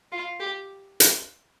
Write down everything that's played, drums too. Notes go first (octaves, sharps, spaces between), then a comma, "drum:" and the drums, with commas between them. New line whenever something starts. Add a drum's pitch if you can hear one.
F4
G4
drum: hi-hat